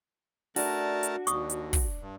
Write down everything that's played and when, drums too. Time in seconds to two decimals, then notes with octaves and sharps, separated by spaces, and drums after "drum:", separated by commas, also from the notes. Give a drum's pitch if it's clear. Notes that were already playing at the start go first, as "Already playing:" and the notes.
0.56 A3 D4 F#4 A#4 A5, drum: open hi-hat
1.03 drum: hi-hat
1.27 D#2 C#6 D#6, drum: hi-hat
1.50 drum: hi-hat
1.73 drum: kick, open hi-hat
2.01 G2